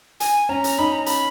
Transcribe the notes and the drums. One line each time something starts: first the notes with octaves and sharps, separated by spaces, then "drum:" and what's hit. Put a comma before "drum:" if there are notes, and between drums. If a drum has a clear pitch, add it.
G#5, drum: hi-hat
C#4 A#5
drum: hi-hat
D#4 B5
A#5
B5, drum: hi-hat